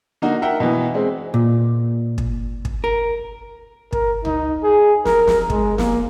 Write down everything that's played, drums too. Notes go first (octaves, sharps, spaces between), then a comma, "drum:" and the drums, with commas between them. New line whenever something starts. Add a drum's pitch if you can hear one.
D3 A#3 D#4 F#4
A#4 E5 F#5 G5
B2 E3
G#3 C4
A#2
drum: kick
drum: kick
A#4
A#4, drum: kick
D#4, drum: tom C#2
G#4
A#4, drum: snare
drum: snare
G#3, drum: kick
A#3, drum: snare